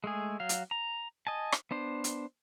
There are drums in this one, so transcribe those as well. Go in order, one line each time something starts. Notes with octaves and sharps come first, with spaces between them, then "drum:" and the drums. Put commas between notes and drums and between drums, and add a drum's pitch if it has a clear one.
G#3 A3 G#4
F#3 F5
drum: hi-hat
A#5
D#5 G#5 A5
drum: rim click
B3 D4 C5
drum: hi-hat